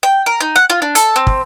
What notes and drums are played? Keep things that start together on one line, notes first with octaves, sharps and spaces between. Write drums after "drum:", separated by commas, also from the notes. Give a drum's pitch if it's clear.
G5
A#4
D#4
F#5
F4
D4
A4, drum: hi-hat
C4
drum: kick